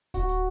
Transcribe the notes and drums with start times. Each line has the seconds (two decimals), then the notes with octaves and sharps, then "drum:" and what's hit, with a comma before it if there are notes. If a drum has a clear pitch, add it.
0.14 F#4, drum: kick D1, hi-hat
0.28 drum: hi-hat